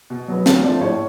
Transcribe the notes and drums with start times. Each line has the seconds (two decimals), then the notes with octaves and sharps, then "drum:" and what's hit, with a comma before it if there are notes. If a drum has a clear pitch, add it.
0.10 B2
0.28 F#3 B3
0.46 D3 F5, drum: snare
0.63 F3 A3 D5
0.81 A2 C#5